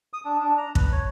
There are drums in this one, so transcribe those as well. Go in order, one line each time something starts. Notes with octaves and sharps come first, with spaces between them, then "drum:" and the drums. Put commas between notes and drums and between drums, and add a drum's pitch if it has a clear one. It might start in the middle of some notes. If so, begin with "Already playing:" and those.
D#6
D4
D4
A#5
B4, drum: kick
C#5